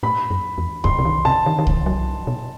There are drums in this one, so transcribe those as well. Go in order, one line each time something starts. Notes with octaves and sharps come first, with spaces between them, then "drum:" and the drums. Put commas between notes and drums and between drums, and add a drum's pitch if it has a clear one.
A2 B5
F#2
E2
F#2 C6, drum: kick C2
C3
D#3
C3 A5
D#3
D#3
E3, drum: kick C2
F#3
B2